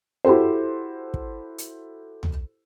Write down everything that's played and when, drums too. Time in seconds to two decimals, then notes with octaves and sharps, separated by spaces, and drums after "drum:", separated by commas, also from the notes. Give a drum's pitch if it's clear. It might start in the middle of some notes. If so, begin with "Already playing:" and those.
0.25 E4 F#4 G4 A4 C5
1.14 drum: kick
1.58 drum: hi-hat
2.23 drum: tom